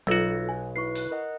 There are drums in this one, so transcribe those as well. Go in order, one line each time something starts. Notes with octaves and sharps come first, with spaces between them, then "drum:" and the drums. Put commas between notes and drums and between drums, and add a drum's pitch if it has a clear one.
B1 F4 F#4 A4 E6, drum: tom F#3
G#5
E4 B4 C#6 C7
F#6, drum: open hi-hat
A#4 D#5 F#5